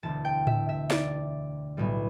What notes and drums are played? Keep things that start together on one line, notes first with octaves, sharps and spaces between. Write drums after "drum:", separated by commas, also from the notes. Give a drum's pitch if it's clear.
E1 D2 D3 A5
G5
E5, drum: tom A2
E5
D5, drum: snare D#4
B1 A2 G3